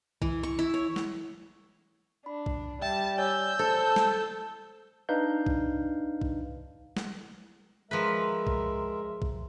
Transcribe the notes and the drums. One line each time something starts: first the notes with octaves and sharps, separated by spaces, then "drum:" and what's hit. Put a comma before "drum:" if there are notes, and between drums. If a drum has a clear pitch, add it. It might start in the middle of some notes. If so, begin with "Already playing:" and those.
E3, drum: kick B1
C#6
E4
C#5
drum: snare
D4 B5
drum: kick B1
G3 E5 G5 A5
C#5 D5 G#5 E6 G6
A4 C5 A5
drum: snare
D4 D#4 B4 F5 G6
drum: kick B1
drum: kick B1
drum: snare
F3 G#3 G#4 A#4 B4 E5 A#5 C6
drum: kick B1
drum: kick B1